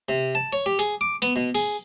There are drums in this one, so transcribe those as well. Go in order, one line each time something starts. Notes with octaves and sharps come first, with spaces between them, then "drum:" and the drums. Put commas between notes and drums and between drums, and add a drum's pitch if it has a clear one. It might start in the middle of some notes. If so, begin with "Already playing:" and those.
C3
A5
C#5
G4
G#4, drum: hi-hat
D6
B3, drum: hi-hat
B2
G#4, drum: open hi-hat